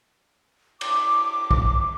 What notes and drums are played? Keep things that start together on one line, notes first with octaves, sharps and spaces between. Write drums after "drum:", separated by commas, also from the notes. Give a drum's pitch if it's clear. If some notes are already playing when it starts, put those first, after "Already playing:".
D6, drum: cymbal
drum: kick